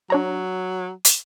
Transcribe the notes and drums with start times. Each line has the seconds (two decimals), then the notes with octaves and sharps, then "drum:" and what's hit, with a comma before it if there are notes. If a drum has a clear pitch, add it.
0.10 F#3 D4 C#5 A#5
1.05 drum: hi-hat